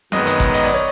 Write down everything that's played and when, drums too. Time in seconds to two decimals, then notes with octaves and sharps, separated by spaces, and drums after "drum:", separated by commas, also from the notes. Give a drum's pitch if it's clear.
0.12 F#2 D#3 G#3 B3 D#5, drum: snare
0.27 D#5, drum: hi-hat
0.40 drum: kick G#1, hi-hat
0.54 D#5, drum: hi-hat
0.64 D5, drum: open hi-hat
0.74 C#5